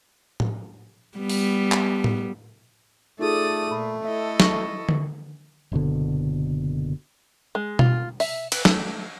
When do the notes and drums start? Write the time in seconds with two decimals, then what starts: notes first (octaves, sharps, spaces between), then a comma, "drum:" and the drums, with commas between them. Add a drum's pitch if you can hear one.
0.40 drum: tom A2
1.18 G3 B3
1.29 drum: open hi-hat
1.72 drum: clap
2.04 drum: tom A2
3.19 A3 D#4 F4 G#4 A4 D5 D#6
3.71 A#2 B5
4.05 E4 A4 D#5 E5
4.40 C#6 A#6, drum: snare
4.89 drum: tom D3
5.72 F#1 B2 D3
7.55 G#3
7.79 F4, drum: tom B2
8.20 E5, drum: open hi-hat
8.52 B4, drum: cymbal
8.65 A3, drum: snare